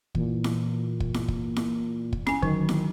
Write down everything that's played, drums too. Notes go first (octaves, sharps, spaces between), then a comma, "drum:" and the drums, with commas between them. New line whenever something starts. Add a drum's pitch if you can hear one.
A#2 E3, drum: kick
drum: snare E4
drum: kick
drum: snare E4
drum: kick
drum: snare E4
drum: kick
C#4 G#5, drum: snare E4
D3 D#3 F#3, drum: kick
drum: snare E4